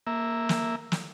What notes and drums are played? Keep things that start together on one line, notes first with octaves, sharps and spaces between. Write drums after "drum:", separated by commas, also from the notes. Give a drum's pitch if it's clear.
A#3 E5
drum: snare
drum: snare